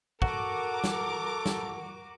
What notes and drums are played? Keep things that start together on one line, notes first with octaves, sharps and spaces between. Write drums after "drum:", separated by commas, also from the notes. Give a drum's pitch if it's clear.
F#4 A4 A#4 F#5 D6, drum: kick
drum: snare
drum: snare